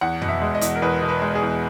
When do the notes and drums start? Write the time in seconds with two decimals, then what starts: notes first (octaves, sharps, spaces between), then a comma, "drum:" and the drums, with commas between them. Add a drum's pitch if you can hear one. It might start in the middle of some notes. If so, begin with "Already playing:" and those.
0.01 E2 F#5
0.21 B2, drum: tom
0.29 E5
0.42 G#3
0.55 D#5
0.61 E2, drum: hi-hat
0.75 A#4
0.82 E2 B4
1.02 B2
1.08 B4
1.22 G#3
1.35 G#4
1.43 E2